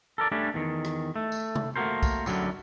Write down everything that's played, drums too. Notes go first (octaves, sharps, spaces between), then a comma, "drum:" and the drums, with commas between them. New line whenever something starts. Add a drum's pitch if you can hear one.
A4 A#4 D5
G3 A3 C#4 D4 G4
E2 D#3
drum: rim click
A3
drum: tambourine
drum: tom C3
A3 A#3 F#4 A#4 C5
drum: kick, tambourine
F#2 D3 E3 F#3 G3, drum: tambourine